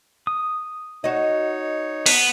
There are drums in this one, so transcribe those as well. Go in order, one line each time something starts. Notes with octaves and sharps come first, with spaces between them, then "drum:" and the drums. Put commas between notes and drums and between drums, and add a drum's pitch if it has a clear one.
D#6
D#4 F#4 C#5 D#5
B3, drum: open hi-hat